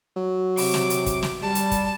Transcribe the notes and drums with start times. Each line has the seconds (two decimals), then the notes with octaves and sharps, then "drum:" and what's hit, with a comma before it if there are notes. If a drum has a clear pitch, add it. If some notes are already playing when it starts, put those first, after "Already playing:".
0.16 F#3
0.57 C3 D6, drum: open hi-hat
0.74 drum: snare
0.90 drum: hi-hat
1.06 drum: kick, hi-hat
1.23 drum: snare
1.43 G3 A5
1.55 drum: hi-hat
1.71 drum: kick, hi-hat